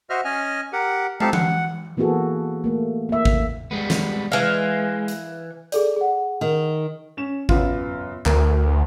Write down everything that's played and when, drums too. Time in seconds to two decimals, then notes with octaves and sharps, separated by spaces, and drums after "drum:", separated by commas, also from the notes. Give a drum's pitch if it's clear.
0.10 F#4 C5 D#5 E5 F6
0.24 C#4 D#5 G#5 F6
0.73 G4 A#4 F#5
1.20 C4 D#4 G4 A4 F5 A5, drum: tom
1.33 F#5, drum: tom E3
1.97 E3 A#3 B3 F#4 G#4 A4
2.64 A3 A#3
3.09 A#3 E5
3.25 drum: kick G#1
3.71 G3 G#3 B3
3.90 drum: snare
4.32 E3 G#3 F5
5.08 drum: hi-hat
5.72 G#4 A4 D5, drum: hi-hat
5.96 G#4 F#5
6.41 D#3
7.17 C#4 E7
7.49 F#2 B3 F4, drum: kick G#1
8.26 D2 A#4, drum: clap